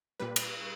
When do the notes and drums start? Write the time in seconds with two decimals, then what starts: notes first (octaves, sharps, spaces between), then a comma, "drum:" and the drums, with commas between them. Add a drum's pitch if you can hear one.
0.20 A#2 G3 B4
0.36 drum: cymbal